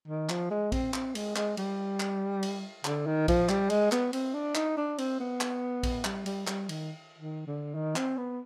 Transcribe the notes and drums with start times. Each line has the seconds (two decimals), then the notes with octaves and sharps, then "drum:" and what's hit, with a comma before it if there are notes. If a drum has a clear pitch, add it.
0.08 D#3
0.29 F3, drum: clap
0.51 G#3
0.72 C4, drum: kick A#1, cymbal
0.94 C4, drum: clap
1.15 G#3, drum: cymbal
1.36 G#3, drum: clap
1.57 G3, drum: cymbal
2.00 drum: clap
2.43 drum: cymbal
2.85 D3, drum: clap
3.06 D#3
3.28 F3, drum: kick A#1, cymbal
3.49 G3, drum: clap
3.70 G#3, drum: cymbal
3.92 B3, drum: clap
4.13 C4, drum: cymbal
4.34 D4
4.55 D#4, drum: clap
4.77 D4
4.98 C4, drum: cymbal
5.20 B3
5.41 drum: clap
5.83 drum: kick A#1, cymbal
6.05 G3, drum: clap
6.26 G3, drum: cymbal
6.47 G3, drum: clap
6.69 D#3, drum: cymbal
7.18 D#3
7.47 D3
7.75 D#3
7.96 C4, drum: clap
8.17 B3